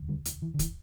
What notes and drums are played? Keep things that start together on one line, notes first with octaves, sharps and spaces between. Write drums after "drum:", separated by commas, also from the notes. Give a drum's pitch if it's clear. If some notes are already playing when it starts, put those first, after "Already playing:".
Already playing: E1 D2
D3 G3
drum: hi-hat
E3
D3
E3, drum: kick, hi-hat